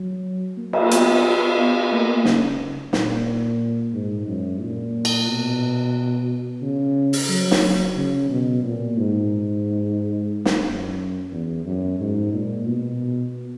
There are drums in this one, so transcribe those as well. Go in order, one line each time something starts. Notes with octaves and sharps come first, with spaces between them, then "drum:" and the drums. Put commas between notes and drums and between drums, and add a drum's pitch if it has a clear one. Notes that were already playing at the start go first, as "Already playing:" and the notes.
Already playing: F#3
A#3
drum: cymbal
B3, drum: hi-hat
B3
A#3
C#3, drum: snare
A#2, drum: snare
G#2
F#2
A#2
drum: cymbal
B2
C#3
drum: open hi-hat
F#3
drum: snare
C#3
B2
A#2
G#2
drum: snare
F#2
E2
F#2
G#2
A#2
B2